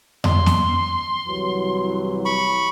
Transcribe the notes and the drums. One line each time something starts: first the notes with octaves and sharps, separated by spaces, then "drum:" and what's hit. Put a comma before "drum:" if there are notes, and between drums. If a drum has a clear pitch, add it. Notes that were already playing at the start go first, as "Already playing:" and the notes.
C6, drum: tom F2
drum: snare
C2 E3 F#3
B5 C#6